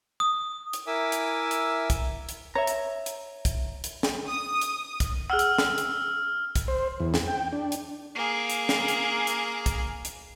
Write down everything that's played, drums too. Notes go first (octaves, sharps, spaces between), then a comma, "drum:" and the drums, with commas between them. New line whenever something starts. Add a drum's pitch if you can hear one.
D#6
drum: hi-hat
E4 A#4 E5 G#5 D6 E6
drum: hi-hat
drum: hi-hat
drum: kick, hi-hat
drum: hi-hat
C#5 E5 A#5
drum: hi-hat
drum: hi-hat
drum: kick, hi-hat
drum: hi-hat
drum: snare
D#6
drum: hi-hat
drum: kick, hi-hat
G#4 F#5 E6 F6
drum: hi-hat
drum: snare
drum: hi-hat
drum: kick, hi-hat
C5
E2
drum: snare
G5
D4
drum: hi-hat
A#3 G#4
drum: hi-hat
drum: snare
drum: hi-hat
drum: hi-hat
drum: kick, hi-hat
drum: hi-hat